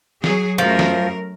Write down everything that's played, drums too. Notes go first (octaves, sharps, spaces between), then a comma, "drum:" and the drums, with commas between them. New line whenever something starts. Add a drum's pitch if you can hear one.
F#3 G#4, drum: snare
F#2 F3 A3 A#4
drum: snare